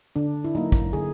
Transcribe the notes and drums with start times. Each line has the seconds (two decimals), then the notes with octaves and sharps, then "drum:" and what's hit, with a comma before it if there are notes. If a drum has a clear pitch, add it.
0.16 D3 D4
0.45 E4
0.55 F#3 A#3 D#4
0.72 drum: kick
0.93 D3 G#4